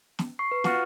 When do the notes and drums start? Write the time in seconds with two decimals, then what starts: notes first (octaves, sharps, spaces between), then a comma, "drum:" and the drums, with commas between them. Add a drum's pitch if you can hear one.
0.19 drum: snare
0.39 C#6 C7
0.52 B4
0.64 F4 F#4, drum: snare